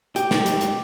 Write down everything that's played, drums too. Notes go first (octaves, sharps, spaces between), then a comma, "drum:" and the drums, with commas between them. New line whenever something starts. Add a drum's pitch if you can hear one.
G4, drum: hi-hat
drum: snare
drum: hi-hat
drum: hi-hat